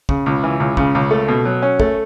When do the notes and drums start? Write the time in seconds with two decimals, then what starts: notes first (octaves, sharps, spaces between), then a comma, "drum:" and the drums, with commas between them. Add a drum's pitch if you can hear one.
0.09 C#3, drum: kick
0.26 C#2
0.44 E3
0.60 C#2
0.77 C#3, drum: kick
0.95 C#2
1.11 A3
1.28 B2
1.45 F#3
1.62 C#4
1.80 A3, drum: kick